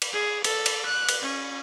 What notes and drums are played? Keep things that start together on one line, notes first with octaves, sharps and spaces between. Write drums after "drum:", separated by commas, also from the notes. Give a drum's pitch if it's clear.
drum: cymbal
G#4
A4, drum: cymbal
drum: cymbal
F#6
drum: cymbal
C#4